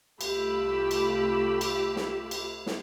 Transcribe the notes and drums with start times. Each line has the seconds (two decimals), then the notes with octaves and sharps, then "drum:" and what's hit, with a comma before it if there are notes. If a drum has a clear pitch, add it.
0.21 C2 A3 F4 G4 B5 E6, drum: cymbal
0.91 drum: cymbal
1.61 drum: cymbal
1.96 drum: snare
2.31 drum: cymbal
2.66 drum: snare